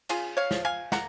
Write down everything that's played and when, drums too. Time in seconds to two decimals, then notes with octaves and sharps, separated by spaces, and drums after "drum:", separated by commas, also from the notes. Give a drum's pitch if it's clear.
0.09 C#3 F4 G#4, drum: cymbal
0.37 C#5 F5
0.51 F3, drum: snare
0.65 F5 G#5
0.92 A#3 F#5 A#5, drum: snare